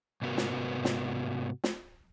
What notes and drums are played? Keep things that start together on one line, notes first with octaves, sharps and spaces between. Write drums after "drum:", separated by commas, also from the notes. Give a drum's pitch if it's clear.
G#2 C3 B3 F#4 A#4 B4
drum: snare
drum: snare
drum: snare